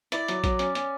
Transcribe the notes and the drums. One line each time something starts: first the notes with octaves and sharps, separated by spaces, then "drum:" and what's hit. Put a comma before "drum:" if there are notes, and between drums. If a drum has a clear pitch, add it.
E4 D5, drum: hi-hat
F#3, drum: hi-hat
F#3, drum: kick, hi-hat
C#4, drum: hi-hat
C#4, drum: hi-hat